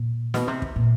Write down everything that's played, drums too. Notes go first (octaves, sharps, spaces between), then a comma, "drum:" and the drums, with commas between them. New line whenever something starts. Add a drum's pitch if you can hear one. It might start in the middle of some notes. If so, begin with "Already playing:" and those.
Already playing: A#2
B2, drum: snare
C3
drum: kick
A#2